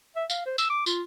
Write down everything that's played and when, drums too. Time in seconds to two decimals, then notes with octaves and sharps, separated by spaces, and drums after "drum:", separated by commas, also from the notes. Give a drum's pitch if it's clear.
0.16 E5
0.30 F5, drum: tambourine
0.46 C5
0.58 E6, drum: tambourine
0.70 D6
0.86 F4, drum: tambourine